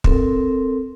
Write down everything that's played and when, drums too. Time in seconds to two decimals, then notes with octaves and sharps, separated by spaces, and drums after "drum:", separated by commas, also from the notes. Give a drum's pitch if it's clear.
0.04 C4 A4 A#4, drum: kick